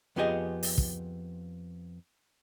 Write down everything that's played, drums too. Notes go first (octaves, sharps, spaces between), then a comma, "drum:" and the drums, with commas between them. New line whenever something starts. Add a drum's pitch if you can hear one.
F2 B3 F4 G4 G#4 D#5
drum: open hi-hat
drum: kick